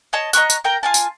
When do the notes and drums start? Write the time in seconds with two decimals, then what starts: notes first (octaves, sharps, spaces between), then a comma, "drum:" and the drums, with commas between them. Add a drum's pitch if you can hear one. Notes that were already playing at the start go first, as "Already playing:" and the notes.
0.13 C#5 D#5 A5
0.33 D#5 A#5 C#6 F#6, drum: tambourine
0.50 drum: tambourine
0.64 A#4 G5 A#5
0.83 F4 G#5 A5
0.94 drum: tambourine